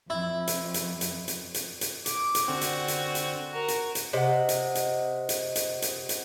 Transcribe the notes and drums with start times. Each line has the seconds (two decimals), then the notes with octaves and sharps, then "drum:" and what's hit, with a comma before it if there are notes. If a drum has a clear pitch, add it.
0.10 F2 E4
0.48 drum: hi-hat
0.74 drum: hi-hat
1.01 drum: hi-hat
1.28 drum: hi-hat
1.54 drum: hi-hat
1.81 drum: hi-hat
2.06 D6, drum: hi-hat
2.35 drum: hi-hat
2.48 D3 C4 F#4
2.61 drum: hi-hat
2.88 drum: hi-hat
3.15 drum: hi-hat
3.51 F#4 A#4
3.68 drum: hi-hat
3.95 drum: hi-hat
4.13 C3 D#5 F#5
4.49 drum: hi-hat
4.75 drum: hi-hat
5.29 drum: hi-hat
5.56 drum: hi-hat
5.82 drum: hi-hat
6.09 drum: hi-hat